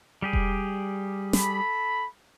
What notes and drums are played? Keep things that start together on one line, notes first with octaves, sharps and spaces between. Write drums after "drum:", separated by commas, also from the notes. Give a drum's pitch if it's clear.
G3 G4 G#4
drum: kick E1
A4 B5, drum: snare